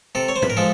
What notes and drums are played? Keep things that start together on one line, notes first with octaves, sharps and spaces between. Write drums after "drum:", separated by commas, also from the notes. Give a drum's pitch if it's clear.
C3 A4
C#5
C5
B4, drum: tom G#2
A#4
F3 G#3 A4